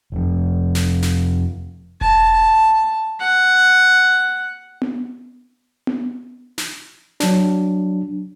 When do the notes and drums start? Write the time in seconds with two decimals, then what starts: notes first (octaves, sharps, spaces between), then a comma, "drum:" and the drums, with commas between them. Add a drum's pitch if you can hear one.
0.12 F1 F2
0.75 drum: snare
1.02 drum: snare
2.01 A5, drum: kick E1
3.20 F#5
4.82 drum: tom B3
5.87 drum: tom B3
6.58 drum: snare
7.20 F#3 D4, drum: snare